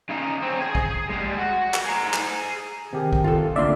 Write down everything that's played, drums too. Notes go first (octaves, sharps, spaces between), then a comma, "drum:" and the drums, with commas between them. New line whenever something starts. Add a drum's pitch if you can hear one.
C#3 D#4
C4 C#4
G#4 G#5
drum: kick
G3 G#3
F#4
drum: clap
G#4 A#5
drum: clap
C3 D#3 G4 G#4
drum: kick
F4 A4
D2 A#3 D4 D5 E5 C6